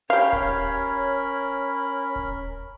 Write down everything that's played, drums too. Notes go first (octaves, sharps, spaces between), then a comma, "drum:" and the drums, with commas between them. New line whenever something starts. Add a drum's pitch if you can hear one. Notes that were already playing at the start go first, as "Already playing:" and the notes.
C#4 G4 A#4 C#5 F5 B5
drum: kick D#1
drum: kick D#1